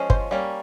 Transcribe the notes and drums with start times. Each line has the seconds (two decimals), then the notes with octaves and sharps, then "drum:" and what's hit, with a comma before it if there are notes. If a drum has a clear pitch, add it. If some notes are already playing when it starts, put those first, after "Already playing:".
Already playing: F3 G#3 C#4
0.10 C5, drum: kick
0.31 G3 A#3 C#4